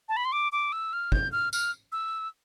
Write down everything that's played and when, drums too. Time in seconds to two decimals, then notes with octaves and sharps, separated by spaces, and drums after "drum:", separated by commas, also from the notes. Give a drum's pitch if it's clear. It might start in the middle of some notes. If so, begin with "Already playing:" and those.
0.09 A5
0.16 B5
0.25 C6
0.32 D6
0.52 D6
0.72 E6
0.93 F6
1.12 G6, drum: kick
1.32 F6
1.53 F6, drum: tambourine
1.92 E6